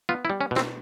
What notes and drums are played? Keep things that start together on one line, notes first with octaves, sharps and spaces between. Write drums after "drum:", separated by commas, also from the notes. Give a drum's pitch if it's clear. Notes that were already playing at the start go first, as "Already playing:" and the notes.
B3 F4
E4
G3
C#4
B2
C4, drum: snare